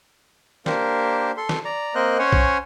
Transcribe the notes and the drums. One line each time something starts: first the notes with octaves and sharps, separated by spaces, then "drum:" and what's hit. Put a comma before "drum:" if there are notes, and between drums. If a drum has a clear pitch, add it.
A#3 D4 G4 A#4 C5, drum: snare
A4 C6
drum: snare
D5 A#5
A#3 C4 A#4 C5 D#5 F#6
C#4 C5 C#5 F#5 G#5
drum: kick